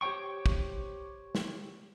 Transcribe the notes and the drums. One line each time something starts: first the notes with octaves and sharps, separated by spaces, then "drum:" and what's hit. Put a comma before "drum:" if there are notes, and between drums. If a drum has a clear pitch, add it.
G4 C5 C#5 G5 C#6
drum: kick
drum: snare